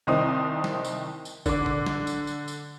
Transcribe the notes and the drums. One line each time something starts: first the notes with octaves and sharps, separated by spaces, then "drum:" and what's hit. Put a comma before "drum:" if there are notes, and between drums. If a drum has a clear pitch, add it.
C2 D#3 C4 D#4 D#6
drum: snare
drum: tambourine
drum: tambourine
D3 D6, drum: kick G#1, tambourine
drum: tom
drum: snare
drum: tambourine
drum: tambourine
drum: tambourine